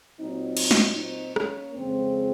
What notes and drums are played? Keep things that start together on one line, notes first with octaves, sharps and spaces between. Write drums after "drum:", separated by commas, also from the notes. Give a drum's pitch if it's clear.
A#2 F#3 C4 D#4
drum: cymbal
drum: snare
C4 D#4
A#3 C#4, drum: rim click
F2 C#3 F3 G#3 C4